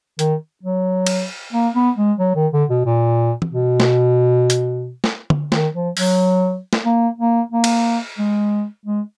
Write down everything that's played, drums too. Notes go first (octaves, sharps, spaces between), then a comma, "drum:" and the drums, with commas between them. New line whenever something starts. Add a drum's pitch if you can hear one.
D#3, drum: hi-hat
F#3
drum: cymbal
A#3
B3
G#3
F#3
D#3
D3
B2
A#2
drum: tom
B2
drum: snare
drum: hi-hat
drum: snare
drum: tom D3
D#3, drum: snare
F3
F#3, drum: open hi-hat
drum: snare
A#3
A#3
A#3
drum: cymbal
G#3
G#3